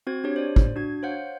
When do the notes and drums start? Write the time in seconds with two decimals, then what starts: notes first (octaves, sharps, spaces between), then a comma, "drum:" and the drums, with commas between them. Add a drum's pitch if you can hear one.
0.07 C4 F#4 C5 G#6
0.24 D4 G4 C#5
0.36 C5 D5
0.56 drum: kick
0.76 D4 F#4 G#6
1.03 C5 C#5 F5 F#5 G6